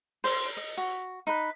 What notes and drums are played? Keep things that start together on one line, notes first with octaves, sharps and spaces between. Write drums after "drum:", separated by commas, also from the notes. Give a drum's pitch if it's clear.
C5, drum: open hi-hat
D#5
F#4
D#4 B4